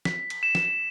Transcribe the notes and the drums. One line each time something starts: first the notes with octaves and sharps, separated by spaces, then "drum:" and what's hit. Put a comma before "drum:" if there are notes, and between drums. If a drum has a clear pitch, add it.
B6, drum: snare
drum: cymbal
E7
drum: snare